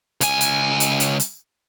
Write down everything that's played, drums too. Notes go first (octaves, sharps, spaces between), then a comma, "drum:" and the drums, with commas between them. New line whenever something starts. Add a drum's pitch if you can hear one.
C#2 G#5, drum: hi-hat
drum: hi-hat
drum: hi-hat
drum: hi-hat
drum: hi-hat